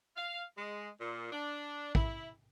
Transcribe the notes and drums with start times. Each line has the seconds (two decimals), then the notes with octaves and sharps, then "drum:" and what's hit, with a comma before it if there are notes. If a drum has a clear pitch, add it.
0.17 F5
0.57 G#3
0.99 A#2
1.32 D4
1.95 E4, drum: kick